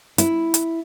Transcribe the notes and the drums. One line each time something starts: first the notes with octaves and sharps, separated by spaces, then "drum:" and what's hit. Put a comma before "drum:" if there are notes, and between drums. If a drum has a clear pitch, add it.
E4, drum: hi-hat
drum: hi-hat